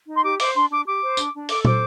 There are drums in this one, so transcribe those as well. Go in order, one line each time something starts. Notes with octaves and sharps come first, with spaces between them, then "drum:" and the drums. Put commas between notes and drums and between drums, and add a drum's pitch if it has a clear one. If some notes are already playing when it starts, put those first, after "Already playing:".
D#4
C6
G4 D6
C5 D6, drum: open hi-hat
D4 C6
D4 D6
G4 D6
C5
D4, drum: tambourine
D4
A4 D6, drum: open hi-hat
C5 D6, drum: tom